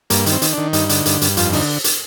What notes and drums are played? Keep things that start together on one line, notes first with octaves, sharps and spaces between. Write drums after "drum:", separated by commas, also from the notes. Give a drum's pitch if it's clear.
G2 A#3, drum: hi-hat
D#3, drum: hi-hat
C4
D#3, drum: hi-hat
D#3 D4
G2 D#4, drum: hi-hat
D3, drum: hi-hat
G2, drum: hi-hat
G2, drum: hi-hat
F2 F4, drum: hi-hat
D3 D#4, drum: open hi-hat
drum: hi-hat